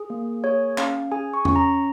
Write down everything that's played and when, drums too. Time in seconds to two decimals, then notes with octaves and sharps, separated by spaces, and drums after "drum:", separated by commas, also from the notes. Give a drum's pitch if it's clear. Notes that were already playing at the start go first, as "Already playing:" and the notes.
Already playing: G#4
0.10 A#3
0.44 G#4 C#5
0.78 C#4 F5, drum: clap
1.12 G#4 G#5
1.34 C#6
1.45 C#4 C#6, drum: tom E2
1.56 A#5